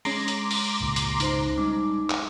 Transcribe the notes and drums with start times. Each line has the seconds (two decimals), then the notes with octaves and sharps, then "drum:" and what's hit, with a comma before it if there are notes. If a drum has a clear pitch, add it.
0.05 G#3 C#4 A#5 C6 D6, drum: open hi-hat
0.28 drum: hi-hat
0.51 drum: open hi-hat
0.80 G#1 C#2 A#2
0.96 drum: hi-hat
1.20 C#2 D#4 C5, drum: hi-hat
1.57 G3 G#3 C#4 D#4 D6
2.10 drum: clap